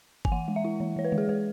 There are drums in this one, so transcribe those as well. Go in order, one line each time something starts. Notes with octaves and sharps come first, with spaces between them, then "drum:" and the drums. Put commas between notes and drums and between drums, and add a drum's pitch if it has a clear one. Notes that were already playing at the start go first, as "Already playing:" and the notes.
G#5, drum: kick G1
E3 F#5
G#3
E5
E4
E3
E3 C#5
B4
G#3, drum: tom D3
G#4
G#3 B4